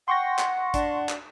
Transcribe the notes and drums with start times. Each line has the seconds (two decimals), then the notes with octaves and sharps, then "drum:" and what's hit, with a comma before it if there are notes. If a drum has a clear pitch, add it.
0.08 F#5 G5 C6 C#6 A#6
0.39 drum: clap
0.74 D4, drum: kick, hi-hat
1.09 drum: clap